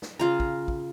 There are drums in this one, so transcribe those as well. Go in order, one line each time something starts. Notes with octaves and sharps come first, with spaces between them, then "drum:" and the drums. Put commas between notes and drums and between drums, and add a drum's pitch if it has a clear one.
drum: snare
C#3 F4 A#5
drum: kick
drum: kick